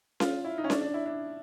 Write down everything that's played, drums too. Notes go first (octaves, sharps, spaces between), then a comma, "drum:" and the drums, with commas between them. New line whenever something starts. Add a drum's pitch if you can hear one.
F4, drum: snare C#4
E4
D#4
C#4
D4, drum: snare C#4
D4
E4
D4